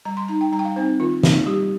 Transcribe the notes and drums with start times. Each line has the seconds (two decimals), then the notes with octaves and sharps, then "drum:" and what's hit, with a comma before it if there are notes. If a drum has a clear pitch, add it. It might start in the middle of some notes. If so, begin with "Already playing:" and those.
0.05 G3 A#5
0.17 C6
0.28 D#4 A#5
0.41 G5
0.52 G3 A#5
0.59 G5
0.65 F5
0.76 C4 D#4 C5
1.00 D#3 F4
1.23 A#3 D#4, drum: snare
1.46 G3 G4